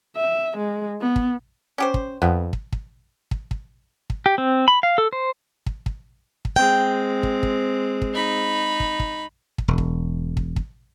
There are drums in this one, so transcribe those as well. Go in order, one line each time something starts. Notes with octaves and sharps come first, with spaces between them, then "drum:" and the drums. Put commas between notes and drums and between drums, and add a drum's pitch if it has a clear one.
E5
G#3
B3
drum: kick
C#4 G4 C5
drum: kick
F2 B3
drum: kick
drum: kick
drum: kick
drum: kick
drum: kick
G4
C4
B5
F5
A4
C5
drum: kick
drum: kick
drum: kick
G#3 C4 G5
drum: kick
drum: kick
drum: kick
D#4 B5
drum: kick
drum: kick
drum: kick
E1
drum: kick
drum: kick
drum: kick